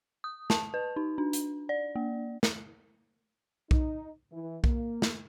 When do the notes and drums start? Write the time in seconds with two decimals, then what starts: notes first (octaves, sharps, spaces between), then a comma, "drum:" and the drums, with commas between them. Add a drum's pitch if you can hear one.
0.24 D#6
0.50 A5, drum: snare
0.74 B4
0.96 D#4
1.18 D4
1.33 drum: hi-hat
1.69 D5
1.96 A#3
2.43 drum: snare
3.71 D#4, drum: kick B1
4.32 E3
4.64 A#3, drum: kick B1
5.02 drum: snare